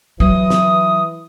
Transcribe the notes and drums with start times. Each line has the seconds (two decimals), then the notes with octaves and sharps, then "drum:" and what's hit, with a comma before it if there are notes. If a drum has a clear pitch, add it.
0.20 E3 F#3 D#6, drum: kick
0.50 drum: snare